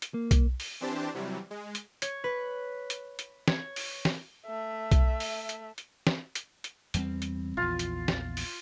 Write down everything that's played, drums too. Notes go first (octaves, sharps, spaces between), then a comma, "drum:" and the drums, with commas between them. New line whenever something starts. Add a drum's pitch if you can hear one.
drum: hi-hat
A#3
drum: kick B1, hi-hat
drum: open hi-hat
E3 C4 D4 G4 C5 A5
C3 E3 F#3 G3
G#3
drum: hi-hat
C#5, drum: hi-hat
B4
drum: hi-hat
drum: hi-hat
C#5, drum: snare
drum: open hi-hat
drum: snare
A3 E5
drum: kick B1, hi-hat
drum: open hi-hat
drum: hi-hat
drum: hi-hat
drum: snare
drum: hi-hat
drum: hi-hat
E2 G3 C4, drum: hi-hat
drum: hi-hat
A#1 E2 F4
drum: hi-hat
drum: snare
drum: open hi-hat